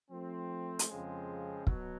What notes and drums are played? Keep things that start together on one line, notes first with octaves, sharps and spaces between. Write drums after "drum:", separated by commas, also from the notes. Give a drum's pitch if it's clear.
F3 A3 C4
drum: hi-hat
F2 C#3 F3 G#3 C4
B2 F#3, drum: kick